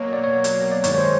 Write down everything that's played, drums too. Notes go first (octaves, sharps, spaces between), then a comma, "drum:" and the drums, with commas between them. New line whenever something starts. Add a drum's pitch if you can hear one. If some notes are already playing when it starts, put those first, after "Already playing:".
Already playing: B2 F#3 A#3 C#5
D5
C#5
drum: hi-hat
D5
G2 D#3 G#3 C#5, drum: hi-hat
C#5
C5